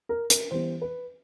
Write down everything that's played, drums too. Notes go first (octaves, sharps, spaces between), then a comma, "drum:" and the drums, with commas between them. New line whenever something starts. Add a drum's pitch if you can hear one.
A#4
A#4, drum: hi-hat
E3 G3 B3 C5
B4